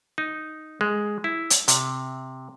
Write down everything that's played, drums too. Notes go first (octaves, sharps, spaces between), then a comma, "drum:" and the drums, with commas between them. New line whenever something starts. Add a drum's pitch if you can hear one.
D#4
G#3
E4
drum: hi-hat
C3, drum: hi-hat